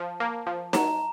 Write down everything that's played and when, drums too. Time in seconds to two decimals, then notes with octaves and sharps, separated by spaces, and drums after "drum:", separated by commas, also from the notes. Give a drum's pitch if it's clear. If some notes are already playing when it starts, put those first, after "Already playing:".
Already playing: F3 A5
0.20 A#3
0.47 F3
0.73 F#3 A#5, drum: snare D#4